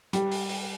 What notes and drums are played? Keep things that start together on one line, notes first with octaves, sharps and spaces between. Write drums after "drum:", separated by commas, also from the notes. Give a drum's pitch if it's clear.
G3, drum: hi-hat
drum: open hi-hat
drum: open hi-hat